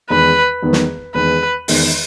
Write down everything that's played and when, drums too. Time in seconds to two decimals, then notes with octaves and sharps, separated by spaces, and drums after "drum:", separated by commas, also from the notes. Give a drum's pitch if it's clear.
0.10 E2 D#3 G#3 B3 B4
0.62 E2 D#3 G#3 B3
0.73 drum: snare
1.15 E2 D#3 G#3 B3 B4
1.68 E2 D#3 G#3 B3, drum: open hi-hat